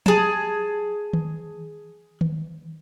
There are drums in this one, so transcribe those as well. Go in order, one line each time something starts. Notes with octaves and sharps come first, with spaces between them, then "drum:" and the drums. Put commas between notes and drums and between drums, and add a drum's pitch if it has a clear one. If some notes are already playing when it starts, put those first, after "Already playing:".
G#4 A5, drum: tom
drum: tom D#3
drum: tom D#3